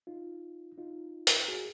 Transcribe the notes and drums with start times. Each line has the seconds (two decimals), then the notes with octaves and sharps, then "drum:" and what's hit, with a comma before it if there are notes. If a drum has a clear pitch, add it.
0.07 D#4 F4
0.78 D#4 F4
1.27 drum: hi-hat
1.48 F#4 G#4